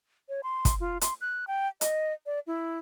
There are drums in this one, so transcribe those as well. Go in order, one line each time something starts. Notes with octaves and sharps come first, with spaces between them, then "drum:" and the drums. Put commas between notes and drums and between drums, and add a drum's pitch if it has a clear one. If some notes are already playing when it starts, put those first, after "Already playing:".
C#5
C6
drum: kick, hi-hat
F4
C6, drum: hi-hat
F#6
G5
D#5, drum: hi-hat
D5
E4